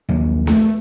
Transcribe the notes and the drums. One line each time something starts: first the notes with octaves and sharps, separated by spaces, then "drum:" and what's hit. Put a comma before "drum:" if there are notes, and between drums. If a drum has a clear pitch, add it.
A#1 D#2 F#3
A3, drum: snare B3